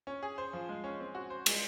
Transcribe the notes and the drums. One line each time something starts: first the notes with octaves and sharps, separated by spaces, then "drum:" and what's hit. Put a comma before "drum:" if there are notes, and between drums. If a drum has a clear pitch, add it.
C#4
G#4
C5
F3
G#3
C#4
C4
F#4
C5
G#3, drum: cymbal